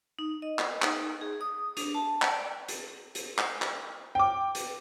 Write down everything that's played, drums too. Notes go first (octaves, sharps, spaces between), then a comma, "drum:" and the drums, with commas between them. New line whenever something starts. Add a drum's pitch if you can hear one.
D#4
D#5
drum: clap
D#4, drum: clap
G#4
D#6
D4, drum: hi-hat
A5
drum: clap
D5
drum: hi-hat
drum: hi-hat
drum: clap
drum: clap
G5 D6
drum: hi-hat